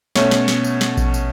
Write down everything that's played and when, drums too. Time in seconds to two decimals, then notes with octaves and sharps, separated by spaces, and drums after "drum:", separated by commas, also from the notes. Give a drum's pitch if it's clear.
0.16 B2 A3 C#4 C#5, drum: snare
0.31 drum: snare
0.48 drum: snare
0.64 drum: tambourine
0.81 drum: snare
0.97 drum: kick A#1, tambourine
1.14 drum: tambourine